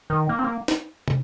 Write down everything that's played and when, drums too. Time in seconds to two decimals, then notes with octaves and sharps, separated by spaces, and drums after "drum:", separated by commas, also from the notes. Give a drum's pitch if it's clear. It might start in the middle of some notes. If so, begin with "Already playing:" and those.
0.10 D#3
0.29 A#3
0.39 C4
0.44 A#3
0.68 drum: snare
1.08 drum: tom